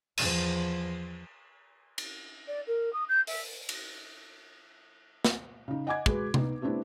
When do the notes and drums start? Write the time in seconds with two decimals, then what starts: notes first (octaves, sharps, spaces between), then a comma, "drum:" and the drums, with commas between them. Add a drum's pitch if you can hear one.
0.18 E2 F3, drum: cymbal
1.98 drum: cymbal
2.47 D5
2.67 A#4
2.93 D#6
3.08 G6
3.27 E5, drum: open hi-hat
3.69 drum: cymbal
5.25 drum: snare
5.68 C#3 D#4
5.87 D#5 F#5 G#5 D6 G#6
6.06 G#3 F#4 G#4 B4, drum: kick
6.34 B3 D#4, drum: tom C3
6.61 G3 A3 B3 C4 D4 E4